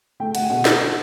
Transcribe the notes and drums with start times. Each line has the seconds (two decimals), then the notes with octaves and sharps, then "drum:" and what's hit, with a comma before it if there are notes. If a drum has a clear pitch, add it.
0.20 A3 G5
0.35 A3 F#5, drum: cymbal
0.50 B2 F#5
0.65 drum: snare